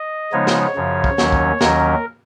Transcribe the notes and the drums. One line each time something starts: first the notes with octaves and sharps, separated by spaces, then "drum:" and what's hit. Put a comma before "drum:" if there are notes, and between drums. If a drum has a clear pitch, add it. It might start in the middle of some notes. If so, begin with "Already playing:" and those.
Already playing: D#5
C#3 F3 G#3 B3 D#4 C#5
drum: snare
F#2 C#3 F3
drum: kick
D#2 D#3 F#3 C#4, drum: snare
drum: kick
D#2 D#3 F#3 C#4 A#4, drum: snare